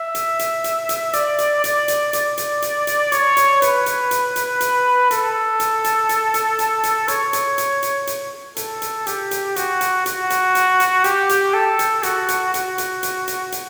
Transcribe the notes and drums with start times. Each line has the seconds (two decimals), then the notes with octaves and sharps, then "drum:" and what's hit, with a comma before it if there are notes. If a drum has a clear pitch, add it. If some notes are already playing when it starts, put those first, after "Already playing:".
Already playing: E5
0.15 drum: hi-hat
0.39 drum: hi-hat
0.64 drum: hi-hat
0.89 drum: hi-hat
1.13 D5, drum: hi-hat
1.39 drum: hi-hat
1.64 D5, drum: hi-hat
1.88 drum: hi-hat
2.13 D5, drum: hi-hat
2.38 drum: hi-hat
2.62 drum: hi-hat
2.87 drum: hi-hat
3.12 C#5, drum: hi-hat
3.37 drum: hi-hat
3.62 B4, drum: hi-hat
3.86 drum: hi-hat
4.11 drum: hi-hat
4.36 drum: hi-hat
4.61 drum: hi-hat
5.11 A4, drum: hi-hat
5.60 drum: hi-hat
5.84 drum: hi-hat
6.09 drum: hi-hat
6.34 drum: hi-hat
6.59 drum: hi-hat
6.84 drum: hi-hat
7.08 C#5, drum: hi-hat
7.33 drum: hi-hat
7.58 drum: hi-hat
7.83 drum: hi-hat
8.07 drum: hi-hat
8.57 A4, drum: hi-hat
8.82 drum: hi-hat
9.07 G4, drum: hi-hat
9.31 drum: hi-hat
9.56 F#4, drum: hi-hat
9.81 drum: hi-hat
10.06 F#4, drum: hi-hat
10.30 drum: hi-hat
10.55 drum: hi-hat
10.80 drum: hi-hat
11.04 G4, drum: hi-hat
11.29 drum: hi-hat
11.54 A4
11.79 drum: hi-hat
12.03 F#4, drum: hi-hat
12.29 drum: hi-hat
12.54 F#4, drum: hi-hat
12.78 drum: hi-hat
13.03 drum: hi-hat
13.28 drum: hi-hat
13.52 drum: hi-hat